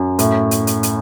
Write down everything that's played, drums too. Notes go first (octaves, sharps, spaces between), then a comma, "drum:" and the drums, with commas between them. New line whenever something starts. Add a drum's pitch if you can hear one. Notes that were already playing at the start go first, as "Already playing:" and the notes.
Already playing: F#2
A2, drum: hi-hat
drum: hi-hat
drum: hi-hat
drum: hi-hat